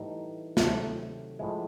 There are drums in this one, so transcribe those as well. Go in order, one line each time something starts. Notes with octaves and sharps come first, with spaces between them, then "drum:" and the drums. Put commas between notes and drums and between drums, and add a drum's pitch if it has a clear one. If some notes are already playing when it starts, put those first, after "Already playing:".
Already playing: A2 E3 G3 D#4
C3 D#3 F#3 A3 C4, drum: snare
A2 F3 G#3 E4